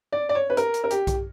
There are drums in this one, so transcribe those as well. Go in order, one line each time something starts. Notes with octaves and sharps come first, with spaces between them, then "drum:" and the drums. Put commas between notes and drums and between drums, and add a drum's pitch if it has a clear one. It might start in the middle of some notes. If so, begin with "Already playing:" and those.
D5
D5
C#5
B4
A#4, drum: hi-hat
drum: hi-hat
A#4
G4, drum: hi-hat
drum: kick B1, hi-hat